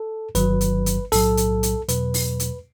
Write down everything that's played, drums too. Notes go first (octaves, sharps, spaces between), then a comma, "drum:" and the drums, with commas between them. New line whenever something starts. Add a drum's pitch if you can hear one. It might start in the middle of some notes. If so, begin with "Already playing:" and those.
Already playing: A4
G1 G2 D#3 F#3 B4, drum: hi-hat
drum: hi-hat
drum: hi-hat
B1 A2 F#3 A4, drum: open hi-hat
drum: hi-hat
drum: hi-hat
E2 B2 F#3 B4, drum: hi-hat
drum: open hi-hat
drum: hi-hat